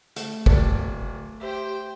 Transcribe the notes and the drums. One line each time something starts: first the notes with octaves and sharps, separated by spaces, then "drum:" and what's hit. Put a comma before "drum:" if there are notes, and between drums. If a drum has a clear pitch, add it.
A3, drum: hi-hat
D1 D5 A5, drum: kick
G4 C5 E5 G5